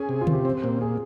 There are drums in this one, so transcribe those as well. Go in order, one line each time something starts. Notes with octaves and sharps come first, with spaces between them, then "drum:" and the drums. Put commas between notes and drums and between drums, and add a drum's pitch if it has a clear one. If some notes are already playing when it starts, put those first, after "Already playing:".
Already playing: C#4 G#4
C3
F4
C3, drum: tom D3
G4
C4
A#2
G#4